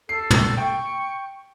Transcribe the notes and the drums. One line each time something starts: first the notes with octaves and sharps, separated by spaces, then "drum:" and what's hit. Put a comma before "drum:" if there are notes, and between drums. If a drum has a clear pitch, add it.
A4 C7
drum: tom
G5 C#6